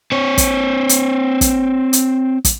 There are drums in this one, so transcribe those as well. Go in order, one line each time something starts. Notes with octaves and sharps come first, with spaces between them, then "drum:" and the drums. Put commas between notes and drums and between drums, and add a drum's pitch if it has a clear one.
C4 C#5
drum: kick, hi-hat
drum: hi-hat
drum: kick, hi-hat
drum: hi-hat
drum: kick, hi-hat